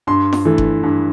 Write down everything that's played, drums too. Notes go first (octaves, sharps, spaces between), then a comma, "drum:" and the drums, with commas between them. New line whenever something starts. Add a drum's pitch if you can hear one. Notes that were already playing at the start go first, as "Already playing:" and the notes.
G2 C6
drum: snare
E3 A3
drum: kick F#1
G2